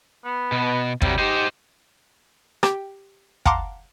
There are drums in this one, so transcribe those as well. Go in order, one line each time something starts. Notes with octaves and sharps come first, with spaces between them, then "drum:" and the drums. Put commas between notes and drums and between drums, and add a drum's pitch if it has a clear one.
B3
B2
C3 F#3 G3, drum: kick
D#4 G4 C5
G4 G5, drum: rim click
F5 F#5 A5 A#5 C6 D6, drum: kick